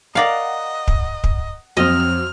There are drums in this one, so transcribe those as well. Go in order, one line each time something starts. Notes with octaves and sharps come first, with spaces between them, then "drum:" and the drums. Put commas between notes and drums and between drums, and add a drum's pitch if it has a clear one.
A#4 D5 D#5 F5 F#5 A#5
drum: kick
drum: kick
F2 F#3 C4 D#5 F6